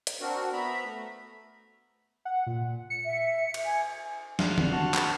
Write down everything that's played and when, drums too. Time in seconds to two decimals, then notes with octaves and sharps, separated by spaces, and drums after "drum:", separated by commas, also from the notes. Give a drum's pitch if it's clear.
0.07 drum: hi-hat
0.21 C4 D4 F#4 A#4
0.53 B3 E5 A#5 B5
0.85 A3
2.25 F#5
2.47 A#2
2.90 C#7
3.05 E5
3.54 drum: cymbal
3.65 G#5
4.39 D4 F5 F#5 C6, drum: snare
4.58 drum: tom D3
4.73 F#4 A5
4.94 drum: clap